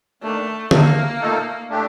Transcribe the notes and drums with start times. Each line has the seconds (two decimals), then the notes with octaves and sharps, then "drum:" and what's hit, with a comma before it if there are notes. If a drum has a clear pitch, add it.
0.22 D#3 A3 A#3 D4
0.71 A#2 A3 A#3 D#4 A4, drum: tom D3
1.21 A#2 A3 D#4 A4
1.69 A2 A3 D4 G4